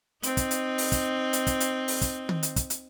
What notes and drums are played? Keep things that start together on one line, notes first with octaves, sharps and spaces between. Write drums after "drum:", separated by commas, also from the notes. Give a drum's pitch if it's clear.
C4 D#4, drum: hi-hat
drum: kick, hi-hat
drum: hi-hat
drum: open hi-hat
drum: kick, hi-hat
drum: hi-hat
drum: kick, hi-hat
drum: hi-hat
drum: open hi-hat
drum: kick, hi-hat
drum: tom D#3
drum: hi-hat
drum: kick, hi-hat
drum: hi-hat